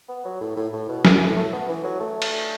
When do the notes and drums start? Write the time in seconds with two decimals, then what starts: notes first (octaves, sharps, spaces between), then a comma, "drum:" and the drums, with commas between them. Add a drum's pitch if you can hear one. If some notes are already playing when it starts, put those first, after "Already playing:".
0.09 B3
0.25 F#3
0.41 A2
0.57 A2
0.73 A2
0.89 B2
1.05 A2, drum: snare
1.15 F#2
1.26 A2
1.36 A3
1.53 B3
1.69 E3
1.84 F#3
2.00 A3
2.22 drum: cymbal